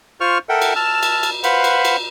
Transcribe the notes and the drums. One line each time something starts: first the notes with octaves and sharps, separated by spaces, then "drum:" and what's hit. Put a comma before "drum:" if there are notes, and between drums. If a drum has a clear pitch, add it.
F4 C5 C#6 F6
A4 A#4 E5 F#5 G5
drum: cymbal
A5 E6 F6
drum: cymbal
drum: cymbal
B4 C5 F5 F#5 B5, drum: cymbal
drum: cymbal
drum: cymbal